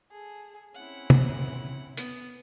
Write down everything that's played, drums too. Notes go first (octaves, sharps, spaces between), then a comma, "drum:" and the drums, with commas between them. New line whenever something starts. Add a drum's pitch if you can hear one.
G#4 A4
C4 C#4 E4 F#5
drum: tom
B3, drum: hi-hat